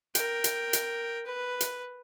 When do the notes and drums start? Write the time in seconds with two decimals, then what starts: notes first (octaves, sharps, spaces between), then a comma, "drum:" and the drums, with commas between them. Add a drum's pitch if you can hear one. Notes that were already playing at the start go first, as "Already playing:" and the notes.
0.15 A#4 G5, drum: hi-hat
0.44 drum: hi-hat
0.73 drum: hi-hat
1.26 B4
1.61 drum: hi-hat